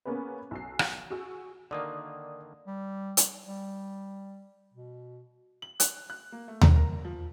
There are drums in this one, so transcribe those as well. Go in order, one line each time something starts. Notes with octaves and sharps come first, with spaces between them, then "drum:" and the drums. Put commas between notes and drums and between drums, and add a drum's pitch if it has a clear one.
A#3 B3 C#4 G#4 B4
B1 E6 C7
drum: rim click
F#4 G#4 E6
D3 D#3 A#3 D5 D#6
G3
drum: hi-hat
G3
B2
F#7
F#6, drum: hi-hat
F#6
A#3
A3
A#5, drum: tom D#2
A#4
F3